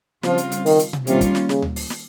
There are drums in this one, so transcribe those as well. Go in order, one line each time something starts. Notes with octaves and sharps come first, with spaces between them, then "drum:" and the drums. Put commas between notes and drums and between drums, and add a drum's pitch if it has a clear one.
C#3 F3 G3 C4 F4, drum: snare
drum: hi-hat
drum: hi-hat
D#3, drum: open hi-hat
drum: hi-hat
drum: tom B2
C3 D#3 G3 A#3 C#4 F4, drum: hi-hat
drum: kick, hi-hat
drum: snare
C#3, drum: snare
drum: tom D2
drum: open hi-hat
drum: snare